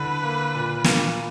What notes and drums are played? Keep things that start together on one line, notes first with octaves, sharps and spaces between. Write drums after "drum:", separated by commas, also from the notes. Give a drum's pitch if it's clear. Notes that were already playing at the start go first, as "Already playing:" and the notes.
Already playing: D3 E4 B4
A#3
A#2
A#3, drum: snare